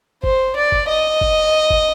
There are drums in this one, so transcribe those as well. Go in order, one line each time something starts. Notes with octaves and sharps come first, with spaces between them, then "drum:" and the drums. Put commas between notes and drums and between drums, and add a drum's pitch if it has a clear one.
C5, drum: kick
D5
drum: kick
D#5
drum: kick
drum: kick